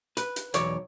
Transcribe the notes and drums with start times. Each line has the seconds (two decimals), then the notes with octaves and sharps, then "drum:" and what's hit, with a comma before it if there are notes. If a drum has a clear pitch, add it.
0.17 B4, drum: hi-hat
0.36 drum: hi-hat
0.54 B1 E2 C#5 D5, drum: hi-hat